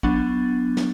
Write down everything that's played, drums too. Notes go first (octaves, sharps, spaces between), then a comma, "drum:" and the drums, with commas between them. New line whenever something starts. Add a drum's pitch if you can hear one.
F#3 B3 D4, drum: kick
drum: snare